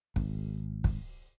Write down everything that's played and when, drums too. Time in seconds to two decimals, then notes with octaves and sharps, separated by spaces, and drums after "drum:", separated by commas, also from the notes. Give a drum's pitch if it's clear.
0.16 G#1, drum: kick
0.84 drum: kick